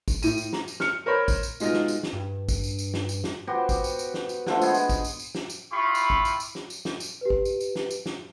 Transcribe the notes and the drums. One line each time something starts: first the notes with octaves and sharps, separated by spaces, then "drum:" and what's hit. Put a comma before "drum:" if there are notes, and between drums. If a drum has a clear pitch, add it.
drum: kick, tambourine
A2 D#7, drum: tambourine
drum: tambourine
A#5, drum: snare
drum: tambourine
F6 C#7, drum: snare
A#4 C5 C#5 B5
drum: kick, tambourine
drum: tambourine
B2 G#3 D#4 F4, drum: tambourine
drum: snare
drum: tambourine
drum: snare
G2
drum: kick, tambourine
drum: tambourine
drum: tambourine
drum: snare
drum: tambourine
drum: snare
B3 F#4 G4 C5
drum: kick, tambourine
drum: tambourine
drum: tambourine
drum: snare
drum: tambourine
D3 F3 A3 C5, drum: snare
G#3 B3 G#4, drum: tambourine
drum: tambourine
drum: kick, tambourine
drum: tambourine
drum: tambourine
drum: snare
drum: tambourine
E4 F4 G4 B5 C#6
drum: tambourine
drum: kick
drum: tambourine
drum: tambourine
drum: snare
drum: tambourine
drum: snare
drum: tambourine
G4 B4
drum: kick
drum: tambourine
drum: tambourine
drum: snare
drum: tambourine
drum: snare